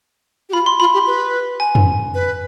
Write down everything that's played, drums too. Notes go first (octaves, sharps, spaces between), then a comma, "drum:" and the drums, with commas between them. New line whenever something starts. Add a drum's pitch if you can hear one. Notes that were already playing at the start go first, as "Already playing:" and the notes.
G4
F4 B5
C6
F4 B5
G4
B4
G#5
drum: tom F2
B4